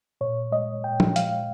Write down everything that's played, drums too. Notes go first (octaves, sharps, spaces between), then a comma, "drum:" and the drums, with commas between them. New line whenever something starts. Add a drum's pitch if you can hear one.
A#2 C#5
G#3 D#5
A#2 G5
drum: tom F3
G#3 F5, drum: hi-hat